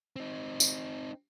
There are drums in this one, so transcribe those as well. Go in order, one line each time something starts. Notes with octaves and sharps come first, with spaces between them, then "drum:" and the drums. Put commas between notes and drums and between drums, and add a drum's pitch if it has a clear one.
C4 D#4
drum: tambourine